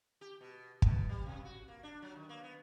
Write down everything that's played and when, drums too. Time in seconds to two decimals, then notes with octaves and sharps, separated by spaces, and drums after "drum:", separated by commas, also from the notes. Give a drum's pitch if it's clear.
0.21 G4
0.41 B2
0.82 B2, drum: kick
1.09 G3
1.26 C3
1.45 F#4
1.68 A#3
1.83 D4
2.02 F#3
2.16 D#3
2.29 A#3
2.43 B3